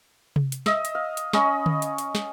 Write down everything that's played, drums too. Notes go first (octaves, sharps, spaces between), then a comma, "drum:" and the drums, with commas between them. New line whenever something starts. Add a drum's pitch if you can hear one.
drum: tom C3
drum: hi-hat
D#5 E5, drum: snare
drum: hi-hat
F5
drum: hi-hat
C#4 D#5 B5 C#6, drum: snare
drum: tom D3
drum: hi-hat
drum: hi-hat
drum: snare